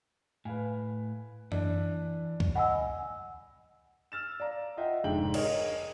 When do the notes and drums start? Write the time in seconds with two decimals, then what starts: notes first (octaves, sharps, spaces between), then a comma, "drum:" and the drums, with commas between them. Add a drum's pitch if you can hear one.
0.45 A2 B4 F5 G#5
1.52 E3 D4, drum: tom F#2
2.40 drum: kick
2.55 D#5 F#5 G#5 B5 E6
4.12 E6 F6 A6 E7
4.40 D5 F5 A#5
4.77 F4 D#5 E5 F#5 G5
5.04 F1 G#2 D3 G#3 G5 F#7
5.34 G#4 A#4 C#5 D#5, drum: cymbal